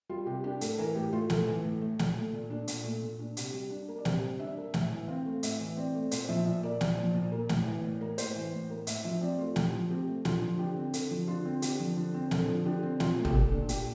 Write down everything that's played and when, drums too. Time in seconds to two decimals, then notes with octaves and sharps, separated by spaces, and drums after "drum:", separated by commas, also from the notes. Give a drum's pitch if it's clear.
0.10 G3 F4
0.26 C3 G4
0.44 D4 G4
0.61 A2 A4, drum: hi-hat
0.78 E3 A#4
0.96 A2 G4
1.12 A3 F4
1.30 A2 A4, drum: snare
1.47 E3
1.64 A2
1.81 A3
1.99 A#2, drum: snare
2.16 A3
2.33 A#2
2.50 D4
2.68 A#2, drum: hi-hat
2.84 A3
3.02 A#2
3.19 D4
3.37 C3, drum: hi-hat
3.54 G3
3.70 D4
3.88 A#3
3.99 D5
4.05 C3 C5, drum: snare
4.23 G3
4.40 D4 E5
4.57 A#3
4.74 A2 E5, drum: snare
4.91 E3
5.08 C4 F5
5.25 A3
5.43 A2 E5, drum: hi-hat
5.60 E3
5.77 C4 D5
5.94 A3
6.11 A#2 C5, drum: hi-hat
6.29 F3 E5
6.46 A#2 E5
6.63 A#3 D5
6.81 A#2, drum: snare
6.98 F3
7.14 A#2
7.32 A#3
7.49 A2, drum: snare
7.67 E3
7.84 A2
8.01 A#3
8.18 A2 C5, drum: hi-hat
8.35 E3
8.53 A2
8.70 A#3
8.87 A2 E5, drum: hi-hat
9.04 F3 E5
9.21 C4 D5
9.38 A3 F4
9.56 A2 G4, drum: snare
9.73 F3
9.90 C4 G4
10.08 A3
10.25 D3 F4, drum: snare
10.42 F3
10.59 D3 G4
10.77 C4
10.93 D3 A4, drum: hi-hat
11.11 F3
11.28 D3 F4
11.45 C4
11.62 D3 G4, drum: hi-hat
11.80 F3
11.97 D3
12.14 C4
12.31 D3 A4, drum: snare
12.48 F3
12.66 D3 G4
12.83 C4
13.00 A#2 F4, drum: snare
13.18 A3
13.25 G4, drum: tom
13.34 A#2 A4
13.52 D4
13.69 A#2 G4, drum: hi-hat